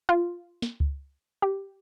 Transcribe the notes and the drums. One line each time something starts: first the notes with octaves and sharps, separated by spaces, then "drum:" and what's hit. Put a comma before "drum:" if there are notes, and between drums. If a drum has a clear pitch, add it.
F4
drum: snare
drum: kick C#2
G4